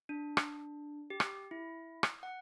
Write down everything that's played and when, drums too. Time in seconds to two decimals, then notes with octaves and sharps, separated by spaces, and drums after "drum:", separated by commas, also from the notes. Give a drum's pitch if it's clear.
0.09 D4
0.37 drum: rim click
1.10 G4
1.20 drum: rim click
1.51 E4
2.03 drum: rim click
2.23 F#5